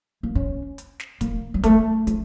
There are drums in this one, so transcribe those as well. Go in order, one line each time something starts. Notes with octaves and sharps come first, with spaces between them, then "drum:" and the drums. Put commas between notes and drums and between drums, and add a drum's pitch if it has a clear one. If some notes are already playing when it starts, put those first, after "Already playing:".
A#3
C#4
drum: hi-hat
drum: snare
A#3, drum: kick, hi-hat
G3
A3, drum: kick, hi-hat
A3, drum: hi-hat